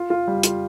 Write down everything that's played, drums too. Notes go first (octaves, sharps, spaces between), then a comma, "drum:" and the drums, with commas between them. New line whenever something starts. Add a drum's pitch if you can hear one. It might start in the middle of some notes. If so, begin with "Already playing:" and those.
Already playing: F4
F4
G3
F4, drum: hi-hat